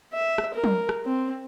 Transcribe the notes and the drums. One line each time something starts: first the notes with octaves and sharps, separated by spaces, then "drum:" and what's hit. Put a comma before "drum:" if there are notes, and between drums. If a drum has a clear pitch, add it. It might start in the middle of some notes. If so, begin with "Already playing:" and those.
E5
drum: rim click
A#4
drum: tom
drum: rim click
C4